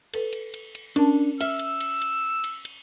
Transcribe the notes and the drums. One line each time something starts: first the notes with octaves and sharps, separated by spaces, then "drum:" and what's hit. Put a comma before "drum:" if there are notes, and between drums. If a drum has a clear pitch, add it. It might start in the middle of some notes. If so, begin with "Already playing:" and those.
A4 B4, drum: cymbal
drum: cymbal
drum: cymbal
drum: cymbal
C#4 D4 A#4 A5, drum: cymbal
E5 E6 F6, drum: cymbal
drum: cymbal
drum: cymbal
drum: cymbal
drum: cymbal
drum: cymbal